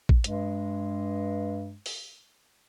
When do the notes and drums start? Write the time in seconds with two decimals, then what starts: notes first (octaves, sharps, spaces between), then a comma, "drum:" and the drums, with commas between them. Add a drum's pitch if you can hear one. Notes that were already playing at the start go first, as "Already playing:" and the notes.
0.09 drum: kick
0.24 G2 G#3, drum: hi-hat
1.86 drum: open hi-hat